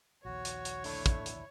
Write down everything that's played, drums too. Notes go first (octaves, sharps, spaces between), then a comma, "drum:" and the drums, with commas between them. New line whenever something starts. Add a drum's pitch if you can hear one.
A#1 D#2 F#4 C#5
drum: hi-hat
drum: hi-hat
D3 A3 D4 E4, drum: open hi-hat
drum: kick, hi-hat
drum: hi-hat